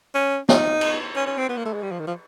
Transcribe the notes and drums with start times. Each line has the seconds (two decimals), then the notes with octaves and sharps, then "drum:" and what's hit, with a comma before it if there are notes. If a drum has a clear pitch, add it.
0.14 C#4
0.49 D#4, drum: snare
0.81 drum: cymbal
1.16 C#4
1.27 C#4
1.37 C4
1.49 B3
1.57 A#3
1.65 A3
1.73 G#3
1.82 G3
1.91 F3
1.99 D#3
2.07 F3